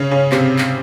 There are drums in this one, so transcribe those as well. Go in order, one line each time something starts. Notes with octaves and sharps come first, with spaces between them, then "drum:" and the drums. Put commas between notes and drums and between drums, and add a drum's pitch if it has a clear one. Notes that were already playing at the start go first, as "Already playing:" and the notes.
Already playing: C#3 C#4
C#3 C#4
C3 C4, drum: clap
drum: clap